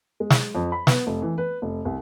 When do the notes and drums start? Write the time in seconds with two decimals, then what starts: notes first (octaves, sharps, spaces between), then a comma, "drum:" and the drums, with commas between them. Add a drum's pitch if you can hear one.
0.20 G#3
0.30 drum: snare
0.55 F2
0.72 B5
0.87 B3, drum: snare
1.07 F1
1.22 E3
1.38 B4
1.62 F1
1.85 C2